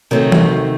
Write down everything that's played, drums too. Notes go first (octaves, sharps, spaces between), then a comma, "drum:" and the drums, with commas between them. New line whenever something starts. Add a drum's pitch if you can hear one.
C3 D#3 F#3 A3 C4
drum: tom E3